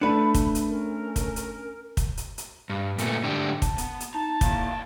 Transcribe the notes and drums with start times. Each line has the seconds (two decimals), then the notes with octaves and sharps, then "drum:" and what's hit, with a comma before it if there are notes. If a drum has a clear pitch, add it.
0.01 A3 D4 B4 B5 C#7
0.34 drum: kick, hi-hat
0.55 drum: hi-hat
0.69 C#4 A#4
1.16 drum: kick, hi-hat
1.36 drum: hi-hat
1.97 drum: kick, hi-hat
2.17 drum: hi-hat
2.38 drum: hi-hat
2.70 G2
2.98 A#2 A3 B3, drum: hi-hat
3.23 G#2 D3 A3 D4 G4
3.62 A5, drum: kick, hi-hat
3.78 B3, drum: hi-hat
4.00 drum: hi-hat
4.14 D#4 A5
4.41 A#3 E4, drum: kick, hi-hat
4.69 C2 G5